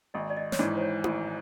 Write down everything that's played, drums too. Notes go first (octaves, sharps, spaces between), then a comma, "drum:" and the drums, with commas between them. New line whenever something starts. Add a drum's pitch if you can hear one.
G#1 D#5
D5
D#5
C#5, drum: snare
G#2 E3 D5
C5
C#5
G#1 C5, drum: tom E4